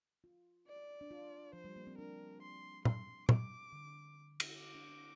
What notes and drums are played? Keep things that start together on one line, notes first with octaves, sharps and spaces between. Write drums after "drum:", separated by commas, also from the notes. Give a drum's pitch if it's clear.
F4
D5
D4
F4
F3 C5
G3
A#3
C4
D4 A#4
C6
C6, drum: tom A#2
D6, drum: tom A#2
D3
drum: cymbal
C4 D6
D4
D4